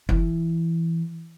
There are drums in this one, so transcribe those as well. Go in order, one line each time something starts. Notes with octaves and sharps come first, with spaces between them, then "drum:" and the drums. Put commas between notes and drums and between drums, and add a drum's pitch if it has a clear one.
E3, drum: kick F1